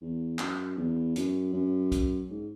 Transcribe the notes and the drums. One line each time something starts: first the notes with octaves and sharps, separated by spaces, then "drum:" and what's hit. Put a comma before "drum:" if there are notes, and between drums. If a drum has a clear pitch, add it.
E2
F#2, drum: clap
E2
F#2, drum: hi-hat
F#2
drum: kick B1, hi-hat
G#2